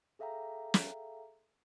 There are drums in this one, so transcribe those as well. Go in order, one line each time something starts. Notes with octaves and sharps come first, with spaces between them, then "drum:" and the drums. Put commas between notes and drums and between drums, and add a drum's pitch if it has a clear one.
G#4 A4 E5 F5 G5 A#5
drum: snare